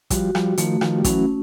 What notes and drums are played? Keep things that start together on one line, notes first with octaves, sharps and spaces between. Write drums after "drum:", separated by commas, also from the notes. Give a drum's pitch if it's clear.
F3 G3 F#4, drum: kick, hi-hat
F3 G3, drum: rim click
D#3 F3 A3, drum: hi-hat
D#3 F3, drum: rim click
G3
E3 F#3 C#4, drum: kick, hi-hat